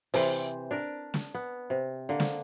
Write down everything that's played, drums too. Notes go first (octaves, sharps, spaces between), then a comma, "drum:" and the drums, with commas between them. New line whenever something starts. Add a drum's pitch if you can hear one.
C3 E3 C5, drum: open hi-hat
D4 A#4 D5
drum: snare
B3
C3
D3 A#3
drum: snare